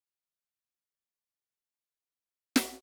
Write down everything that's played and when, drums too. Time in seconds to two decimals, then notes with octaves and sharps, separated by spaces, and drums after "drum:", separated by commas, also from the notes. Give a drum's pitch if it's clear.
0.15 G3 G#3
2.56 drum: snare